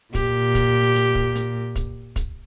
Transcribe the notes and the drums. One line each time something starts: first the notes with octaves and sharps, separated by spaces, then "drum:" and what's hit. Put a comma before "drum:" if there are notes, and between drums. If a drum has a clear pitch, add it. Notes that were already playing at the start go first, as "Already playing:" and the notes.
A#2 G4, drum: kick, hi-hat
drum: kick, hi-hat
drum: hi-hat
drum: kick
drum: hi-hat
drum: kick, hi-hat
drum: kick, hi-hat